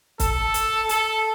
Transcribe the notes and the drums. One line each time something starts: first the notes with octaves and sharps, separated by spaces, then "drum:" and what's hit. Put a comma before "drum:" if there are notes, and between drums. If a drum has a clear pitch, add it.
A4, drum: kick, hi-hat
drum: hi-hat
A4, drum: hi-hat